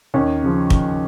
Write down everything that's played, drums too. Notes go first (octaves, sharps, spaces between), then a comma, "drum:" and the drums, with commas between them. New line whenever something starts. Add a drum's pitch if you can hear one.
D#2 C#4
C#3 F3
drum: kick